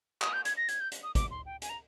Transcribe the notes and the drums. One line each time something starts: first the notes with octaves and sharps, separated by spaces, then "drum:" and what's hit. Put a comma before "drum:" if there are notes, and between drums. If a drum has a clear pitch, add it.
D#6, drum: clap
G6
G#6, drum: hi-hat
A#6
G#6, drum: hi-hat
G6
drum: hi-hat
D#6
D6, drum: kick, hi-hat
C6
G5
G#5, drum: hi-hat
A#5